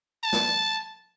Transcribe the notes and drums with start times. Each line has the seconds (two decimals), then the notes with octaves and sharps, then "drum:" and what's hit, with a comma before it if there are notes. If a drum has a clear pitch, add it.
0.23 A5
0.33 drum: snare